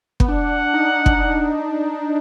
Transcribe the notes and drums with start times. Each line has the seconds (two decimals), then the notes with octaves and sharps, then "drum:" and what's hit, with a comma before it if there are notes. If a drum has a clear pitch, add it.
0.20 B3, drum: kick
0.28 D4 F#5
0.74 D#4
1.06 drum: kick